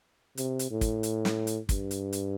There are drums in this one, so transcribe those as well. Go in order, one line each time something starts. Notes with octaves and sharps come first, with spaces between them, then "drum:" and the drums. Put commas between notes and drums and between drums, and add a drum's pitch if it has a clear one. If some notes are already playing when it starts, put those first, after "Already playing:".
C3, drum: hi-hat
drum: hi-hat
A2
drum: kick, hi-hat
drum: hi-hat
drum: snare
drum: hi-hat
G2, drum: kick, hi-hat
drum: hi-hat
drum: hi-hat